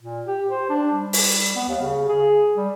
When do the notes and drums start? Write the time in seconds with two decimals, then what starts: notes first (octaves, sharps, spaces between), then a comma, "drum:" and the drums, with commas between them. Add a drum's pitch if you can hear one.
0.01 A#2
0.27 G4
0.50 C5
0.69 D4
0.93 G3
1.13 drum: open hi-hat
1.56 B3
1.68 D#2
1.82 C#3
2.09 G#4
2.56 G3